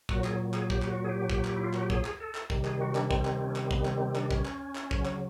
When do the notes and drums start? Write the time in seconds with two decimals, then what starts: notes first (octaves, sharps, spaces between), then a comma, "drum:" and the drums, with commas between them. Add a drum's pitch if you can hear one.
0.09 A#2 F#3 F#4, drum: kick
0.24 G#4, drum: clap
0.54 G#4, drum: clap
0.70 G4, drum: kick
0.82 G4, drum: clap
0.90 F#4
1.04 G#4
1.09 G4
1.30 drum: kick
1.45 drum: clap
1.56 E4
1.64 F4
1.73 F#4, drum: clap
1.81 G4
1.90 G#4, drum: kick
2.05 drum: clap
2.20 A4
2.35 drum: clap
2.50 C3 D#3 G3, drum: kick
2.65 G#4, drum: clap
2.81 F#4
2.95 D4, drum: clap
3.11 C4, drum: kick
3.25 drum: clap
3.42 C#4
3.56 C4, drum: clap
3.71 B3, drum: kick
3.85 C4, drum: clap
4.00 C4
4.16 D4, drum: clap
4.31 C#4, drum: kick
4.45 drum: clap
4.75 drum: clap
4.91 C#3 F#3, drum: kick
5.05 drum: clap